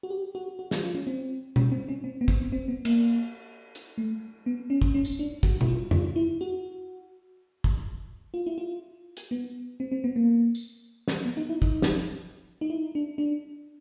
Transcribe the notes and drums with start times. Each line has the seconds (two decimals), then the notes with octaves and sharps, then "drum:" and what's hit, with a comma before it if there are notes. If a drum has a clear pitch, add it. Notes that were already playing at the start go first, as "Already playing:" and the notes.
0.03 F#4
0.10 G4
0.35 F#4
0.59 F#4
0.71 F4, drum: snare
0.83 F4
0.95 C#4
1.07 C4
1.56 C#4, drum: tom B2
1.72 C4
1.88 C#4
2.04 C4
2.21 B3
2.28 C4, drum: kick
2.52 C4
2.68 B3
2.85 A#3, drum: cymbal
3.75 drum: hi-hat
3.98 A3
4.46 B3
4.70 C#4
4.82 drum: kick
4.94 C#4
5.05 drum: tambourine
5.19 D4
5.43 F#4, drum: kick
5.61 E4, drum: tom B2
5.68 F4
5.91 F4, drum: tom F2
6.16 E4
6.41 F#4
7.64 drum: kick
8.34 F4
8.46 E4
8.58 F4
9.17 drum: hi-hat
9.31 B3
9.80 C4
9.92 C4
10.04 B3
10.16 A#3
10.55 drum: tambourine
11.08 drum: snare
11.25 B3
11.37 D#4
11.49 E4
11.62 D#4, drum: kick
11.82 drum: snare
12.61 D#4
12.70 E4
12.95 D4
13.18 D4